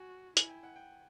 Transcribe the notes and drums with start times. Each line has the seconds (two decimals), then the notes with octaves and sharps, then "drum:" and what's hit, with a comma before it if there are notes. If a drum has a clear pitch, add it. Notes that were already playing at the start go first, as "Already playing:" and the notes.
Already playing: F#4 G#5
0.37 E4 G#5, drum: hi-hat
0.49 G5
0.63 F#5
0.76 G5